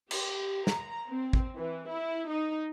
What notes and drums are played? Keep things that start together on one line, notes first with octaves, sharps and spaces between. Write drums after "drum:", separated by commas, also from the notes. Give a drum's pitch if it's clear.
G4, drum: cymbal
A#5, drum: snare
C4
drum: kick
E3
E4
D#4